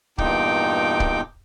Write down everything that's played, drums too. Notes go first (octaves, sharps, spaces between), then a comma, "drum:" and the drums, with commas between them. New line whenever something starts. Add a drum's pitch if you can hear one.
E2 G2 A#2 D#4 G5 D6, drum: kick C#1
drum: kick C#1